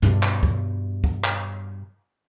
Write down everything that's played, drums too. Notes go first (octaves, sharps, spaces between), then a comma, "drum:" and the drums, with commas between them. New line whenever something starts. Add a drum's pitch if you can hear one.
G2 B2, drum: tom
drum: clap
drum: kick
drum: kick
drum: clap